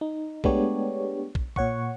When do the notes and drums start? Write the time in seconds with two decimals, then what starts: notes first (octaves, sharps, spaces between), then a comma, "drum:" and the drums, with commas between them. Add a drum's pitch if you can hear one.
0.01 D#4
0.44 G#3 A3 B3 D4 G4 C#5, drum: kick
1.35 drum: kick
1.56 A#2 C#5 F#5 C#6, drum: kick